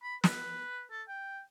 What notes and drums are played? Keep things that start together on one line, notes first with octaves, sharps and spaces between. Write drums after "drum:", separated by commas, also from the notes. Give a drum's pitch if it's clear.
B5
B4, drum: snare
A4
G5